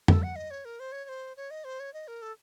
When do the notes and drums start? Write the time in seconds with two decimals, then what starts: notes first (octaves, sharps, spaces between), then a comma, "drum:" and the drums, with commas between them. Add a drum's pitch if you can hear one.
0.08 A4, drum: tom F2
0.23 F#5
0.36 D#5
0.51 C#5
0.65 A#4
0.80 C5
0.92 C#5
1.04 C#5
1.09 C5
1.37 C#5
1.51 D#5
1.64 C5
1.80 C#5
1.94 D#5
2.08 A#4
2.22 A4